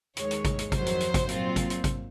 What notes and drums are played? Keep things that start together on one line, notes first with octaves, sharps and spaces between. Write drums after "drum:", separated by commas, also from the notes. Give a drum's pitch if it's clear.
D#2 D#3 G#3 C#5, drum: hi-hat
drum: hi-hat
drum: kick G#1, hi-hat
drum: hi-hat
F2 D#3 F#3 C5, drum: kick G#1, hi-hat
drum: hi-hat
drum: hi-hat
drum: kick G#1, hi-hat
A#2 F#3 C4 F4, drum: hi-hat
drum: kick G#1, hi-hat
drum: hi-hat
drum: kick G#1, hi-hat